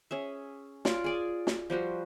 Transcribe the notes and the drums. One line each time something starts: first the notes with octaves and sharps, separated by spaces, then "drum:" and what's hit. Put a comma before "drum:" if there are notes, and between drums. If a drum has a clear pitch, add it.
C#4 G#4 E5
F4 C#5 D5, drum: snare
G#4 D5 G#5
drum: snare
F3 G3 F#4 C5